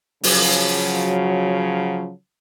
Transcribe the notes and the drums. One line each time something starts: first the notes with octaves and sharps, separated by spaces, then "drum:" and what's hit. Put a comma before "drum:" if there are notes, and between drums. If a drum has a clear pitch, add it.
C#3 F3 F#3, drum: open hi-hat